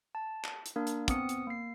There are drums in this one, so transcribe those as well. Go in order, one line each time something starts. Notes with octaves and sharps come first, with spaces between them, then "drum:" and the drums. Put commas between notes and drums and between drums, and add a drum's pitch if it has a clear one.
A5
drum: clap
drum: hi-hat
A#3 D4 A#4
drum: hi-hat
B3 C4 D#6 C#7, drum: kick, hi-hat
drum: hi-hat
A#3 C7